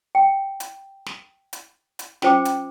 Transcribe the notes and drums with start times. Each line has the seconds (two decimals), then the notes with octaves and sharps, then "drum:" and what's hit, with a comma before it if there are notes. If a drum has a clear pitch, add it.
0.15 G5
0.60 drum: hi-hat
1.06 drum: snare
1.53 drum: hi-hat
1.99 drum: hi-hat
2.22 C#4 F4 C5 G5 D6, drum: snare
2.45 drum: hi-hat